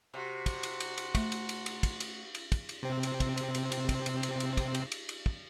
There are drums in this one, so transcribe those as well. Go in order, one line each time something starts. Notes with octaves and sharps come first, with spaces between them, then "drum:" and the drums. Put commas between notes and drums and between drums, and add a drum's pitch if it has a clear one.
C3 F#4
drum: kick, cymbal
drum: cymbal
drum: cymbal
drum: cymbal
A3, drum: kick, cymbal
drum: cymbal
drum: cymbal
drum: cymbal
drum: kick, cymbal
drum: cymbal
drum: cymbal
drum: kick, cymbal
drum: cymbal
C3 C4
drum: cymbal
drum: kick, cymbal
drum: cymbal
drum: cymbal
drum: cymbal
drum: kick, cymbal
drum: cymbal
drum: cymbal
drum: cymbal
drum: kick, cymbal
drum: cymbal
drum: cymbal
drum: cymbal
drum: kick